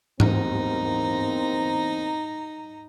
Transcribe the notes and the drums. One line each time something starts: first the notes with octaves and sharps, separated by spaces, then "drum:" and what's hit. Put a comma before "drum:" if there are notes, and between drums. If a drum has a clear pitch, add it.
E2 A#3 C4 D#4 A#5, drum: tom G#2